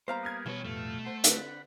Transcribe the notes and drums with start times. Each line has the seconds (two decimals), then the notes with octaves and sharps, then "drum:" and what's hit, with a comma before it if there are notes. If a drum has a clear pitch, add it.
0.08 G3 A#3 B3 C5 F5 A#5
0.23 D#6 F6 G#6
0.46 B2 E3 G3 B3 C#5
0.65 F2 A2 A3 F5
1.05 C5 F#5 C6
1.24 D3 C4 D5 F#5 B5, drum: hi-hat